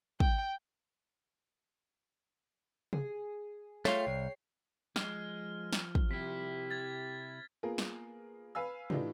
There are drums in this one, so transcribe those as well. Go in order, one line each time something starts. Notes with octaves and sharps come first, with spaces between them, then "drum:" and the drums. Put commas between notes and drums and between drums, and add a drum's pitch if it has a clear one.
G5, drum: kick
G#4, drum: tom C3
A3 F4 C#5 G5 C7, drum: snare
C2
F3 G#3 F6, drum: snare
drum: snare
drum: kick
C3 E4 G4 B6
G#6 A6
A#3 B3 F4 G#4 A#4
drum: snare
B4 F5 G#5 E6
A2 E3 D4 D#4 F4 G4, drum: tom C3